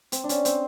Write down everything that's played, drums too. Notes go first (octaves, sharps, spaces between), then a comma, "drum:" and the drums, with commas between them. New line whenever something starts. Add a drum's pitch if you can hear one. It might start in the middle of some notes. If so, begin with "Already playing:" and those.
C4, drum: hi-hat
D4
C#4, drum: hi-hat
C4, drum: hi-hat